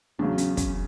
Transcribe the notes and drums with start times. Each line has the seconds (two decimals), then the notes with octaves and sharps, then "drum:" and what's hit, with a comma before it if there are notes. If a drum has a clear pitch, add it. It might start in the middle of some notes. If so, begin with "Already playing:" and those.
0.19 E2 C#3 F#3 D4
0.38 C#4, drum: hi-hat
0.57 C#4, drum: kick, hi-hat